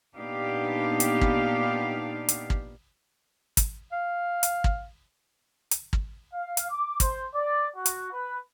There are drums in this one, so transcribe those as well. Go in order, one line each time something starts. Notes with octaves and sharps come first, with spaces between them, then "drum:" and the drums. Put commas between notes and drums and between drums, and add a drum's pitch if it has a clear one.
A#2 B3 D4 D#4 G4 F5
drum: hi-hat
drum: kick
drum: hi-hat
drum: kick
drum: kick, hi-hat
F5
drum: hi-hat
drum: kick
drum: hi-hat
drum: kick
F5
drum: hi-hat
D6
C5, drum: kick, hi-hat
D5
F#4
drum: hi-hat
B4